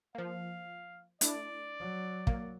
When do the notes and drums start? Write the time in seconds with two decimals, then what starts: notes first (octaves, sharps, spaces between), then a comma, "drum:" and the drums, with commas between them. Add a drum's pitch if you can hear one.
0.15 F3 A#3 F5
1.21 A3 D4 E4 D5, drum: hi-hat
1.80 F#3
2.27 A#3, drum: kick